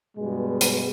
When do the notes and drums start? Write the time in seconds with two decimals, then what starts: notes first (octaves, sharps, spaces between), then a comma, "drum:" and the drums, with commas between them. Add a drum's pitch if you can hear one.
0.17 G2 B2 G#3
0.61 drum: hi-hat